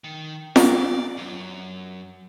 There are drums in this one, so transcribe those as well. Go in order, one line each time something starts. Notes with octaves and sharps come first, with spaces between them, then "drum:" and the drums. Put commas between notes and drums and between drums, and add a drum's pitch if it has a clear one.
D#3
D5, drum: snare
F#2